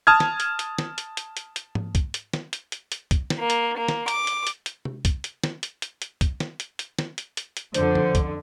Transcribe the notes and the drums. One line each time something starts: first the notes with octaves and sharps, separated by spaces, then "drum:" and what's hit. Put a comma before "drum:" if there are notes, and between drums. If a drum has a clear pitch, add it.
A5 D#6 F6 G#6
drum: snare
drum: hi-hat
drum: hi-hat
drum: snare
drum: hi-hat
drum: hi-hat
drum: hi-hat
drum: hi-hat
drum: tom G#2
drum: kick C2, hi-hat
drum: hi-hat
drum: snare
drum: hi-hat
drum: hi-hat
drum: hi-hat
drum: kick C2, hi-hat
drum: snare
A#3
drum: hi-hat
A#3
drum: snare
D6, drum: hi-hat
drum: hi-hat
drum: hi-hat
drum: hi-hat
drum: tom C3
drum: kick C2, hi-hat
drum: hi-hat
drum: snare
drum: hi-hat
drum: hi-hat
drum: hi-hat
drum: kick C2, hi-hat
drum: snare
drum: hi-hat
drum: hi-hat
drum: snare
drum: hi-hat
drum: hi-hat
drum: hi-hat
F2 D3 C5, drum: hi-hat
drum: tom F2
drum: kick C2, hi-hat